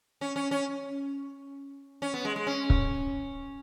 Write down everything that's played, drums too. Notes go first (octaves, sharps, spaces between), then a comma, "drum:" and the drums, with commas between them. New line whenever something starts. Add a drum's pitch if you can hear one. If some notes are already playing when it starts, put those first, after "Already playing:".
C#4
C#4
C#4
C#4
B3
G#3
G#3
C#4
drum: kick C#1